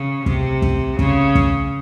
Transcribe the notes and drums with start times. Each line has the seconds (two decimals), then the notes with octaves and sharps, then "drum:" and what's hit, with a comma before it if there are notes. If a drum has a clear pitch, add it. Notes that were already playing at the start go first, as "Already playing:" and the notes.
Already playing: C#3
0.26 C3, drum: kick
0.62 drum: kick
0.99 C#3, drum: kick
1.35 drum: kick